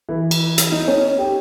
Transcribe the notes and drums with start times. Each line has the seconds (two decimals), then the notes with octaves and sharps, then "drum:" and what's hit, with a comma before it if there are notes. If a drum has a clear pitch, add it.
0.09 E3 E4
0.31 drum: cymbal
0.58 drum: hi-hat
0.72 D#4
0.87 C#4 C#5
1.18 G4 G5